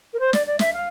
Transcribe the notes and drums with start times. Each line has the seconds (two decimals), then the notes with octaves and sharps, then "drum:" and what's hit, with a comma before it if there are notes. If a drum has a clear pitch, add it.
0.13 A#4
0.19 C5
0.33 D5, drum: snare
0.47 D5
0.59 E5, drum: snare
0.73 F5